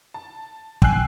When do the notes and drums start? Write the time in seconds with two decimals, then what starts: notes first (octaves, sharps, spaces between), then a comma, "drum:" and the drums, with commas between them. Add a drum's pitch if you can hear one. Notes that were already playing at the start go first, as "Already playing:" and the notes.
0.14 A5
0.82 G5 G#5 E6 F#6 C7 F#7, drum: kick